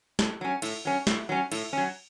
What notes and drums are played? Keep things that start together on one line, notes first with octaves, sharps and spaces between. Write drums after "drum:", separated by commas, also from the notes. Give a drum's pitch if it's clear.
A2, drum: snare
F#3 C#4
A2, drum: cymbal
F#3 C#4
A2, drum: snare
F#3 C#4
A2, drum: cymbal
F#3 C#4